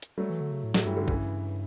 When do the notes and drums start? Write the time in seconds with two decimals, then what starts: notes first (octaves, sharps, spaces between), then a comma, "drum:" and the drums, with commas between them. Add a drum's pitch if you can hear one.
0.02 drum: hi-hat
0.18 F#3 G3 A3
0.30 E3
0.41 D3
0.52 C#3
0.64 A2
0.74 F#3 A3, drum: snare
0.85 G2 E3 G3
0.97 D3 F#3
1.08 C#3 E3, drum: kick